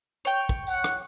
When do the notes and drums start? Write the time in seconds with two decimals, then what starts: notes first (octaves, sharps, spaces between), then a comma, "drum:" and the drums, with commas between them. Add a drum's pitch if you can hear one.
0.25 C#5 G5
0.49 drum: kick
0.67 F#5, drum: tambourine
0.84 drum: rim click